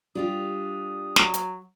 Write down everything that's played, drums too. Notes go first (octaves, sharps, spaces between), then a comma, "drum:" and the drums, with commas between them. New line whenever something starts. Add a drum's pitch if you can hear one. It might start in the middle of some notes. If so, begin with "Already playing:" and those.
G3 D4 F4 G4 D#6
F#3, drum: snare
drum: hi-hat